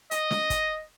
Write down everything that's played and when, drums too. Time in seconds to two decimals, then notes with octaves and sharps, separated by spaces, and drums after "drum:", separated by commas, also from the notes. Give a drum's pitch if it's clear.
0.11 D#5, drum: hi-hat
0.31 drum: snare
0.50 drum: kick, hi-hat